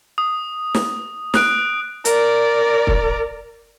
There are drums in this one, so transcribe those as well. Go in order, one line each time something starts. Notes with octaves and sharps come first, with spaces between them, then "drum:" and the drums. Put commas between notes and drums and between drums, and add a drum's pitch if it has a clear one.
D#6
drum: snare
D#6 F#6 D7, drum: snare
A#4 D5, drum: hi-hat
drum: kick